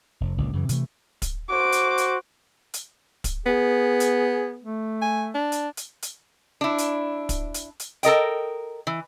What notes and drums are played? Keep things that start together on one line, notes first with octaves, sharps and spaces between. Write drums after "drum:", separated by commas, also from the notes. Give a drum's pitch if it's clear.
F1
F#1 C#2 A#2 D3
F#2 C#3 E3
C3 E3 A3, drum: hi-hat
drum: kick, hi-hat
F#4 C5 D6
drum: hi-hat
drum: hi-hat
drum: hi-hat
drum: kick, hi-hat
B3 G#4
drum: hi-hat
A3
G#5
D4
drum: hi-hat
drum: hi-hat
drum: hi-hat
D4 E4
drum: hi-hat
drum: kick, hi-hat
drum: hi-hat
drum: hi-hat
A4 A#4 D#5 G5, drum: hi-hat
E3